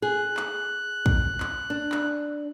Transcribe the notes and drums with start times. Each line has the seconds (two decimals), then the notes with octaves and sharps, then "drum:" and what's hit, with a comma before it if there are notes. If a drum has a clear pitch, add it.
0.02 G#4 F#6
0.37 drum: clap
1.06 drum: kick
1.40 drum: clap
1.70 D4
1.92 drum: clap